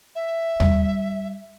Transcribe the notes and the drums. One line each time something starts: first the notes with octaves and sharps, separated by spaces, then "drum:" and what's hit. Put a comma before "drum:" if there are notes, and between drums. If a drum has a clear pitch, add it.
E5
G3, drum: tom D#2